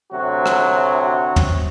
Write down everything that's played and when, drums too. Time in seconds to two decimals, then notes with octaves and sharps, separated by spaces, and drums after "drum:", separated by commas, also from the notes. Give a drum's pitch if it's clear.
0.12 D2 C3 F#3 F#4
0.46 drum: rim click
1.04 F#4
1.36 drum: tom